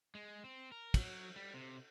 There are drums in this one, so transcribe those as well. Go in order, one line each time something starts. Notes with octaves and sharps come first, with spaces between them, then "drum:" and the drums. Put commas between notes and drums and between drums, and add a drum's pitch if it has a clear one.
G#3
C4
A#4
F#3, drum: kick, cymbal
G3
C3